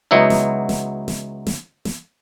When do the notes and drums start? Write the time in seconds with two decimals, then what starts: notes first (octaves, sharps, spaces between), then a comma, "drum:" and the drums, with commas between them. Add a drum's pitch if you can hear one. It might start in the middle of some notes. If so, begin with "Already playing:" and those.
0.11 C#2 F#3 B3 D#4 E4
0.30 drum: snare
0.69 drum: snare
1.08 drum: snare
1.47 drum: snare
1.85 drum: snare